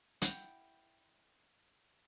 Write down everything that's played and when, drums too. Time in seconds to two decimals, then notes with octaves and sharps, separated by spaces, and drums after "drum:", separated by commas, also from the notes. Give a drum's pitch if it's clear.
0.22 E4 F#5 G5, drum: hi-hat